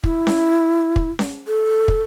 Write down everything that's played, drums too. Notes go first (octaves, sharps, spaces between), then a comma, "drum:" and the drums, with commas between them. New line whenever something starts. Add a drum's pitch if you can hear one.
E4, drum: kick
drum: snare C#4
drum: kick
drum: snare C#4
A4
drum: kick